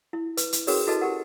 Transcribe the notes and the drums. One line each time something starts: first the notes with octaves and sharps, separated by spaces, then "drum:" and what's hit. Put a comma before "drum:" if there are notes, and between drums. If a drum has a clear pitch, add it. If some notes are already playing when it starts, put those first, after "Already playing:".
E4
B4, drum: hi-hat
drum: hi-hat
C#4 F#4 G#4 A#4 B4 C#5, drum: open hi-hat
E4 F#4 A4 B4 D#5 A5
G4 A#4 F#5